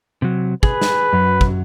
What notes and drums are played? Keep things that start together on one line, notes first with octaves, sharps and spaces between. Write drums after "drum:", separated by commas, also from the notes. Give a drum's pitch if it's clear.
C3 F#3
G#4 B4, drum: kick
drum: snare
F#2 F#3
drum: kick